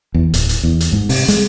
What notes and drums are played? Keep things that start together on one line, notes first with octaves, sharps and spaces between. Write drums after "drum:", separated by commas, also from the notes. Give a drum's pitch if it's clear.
E2
D1, drum: hi-hat
drum: hi-hat
E2
drum: hi-hat
G#2
C3, drum: open hi-hat
G#3, drum: hi-hat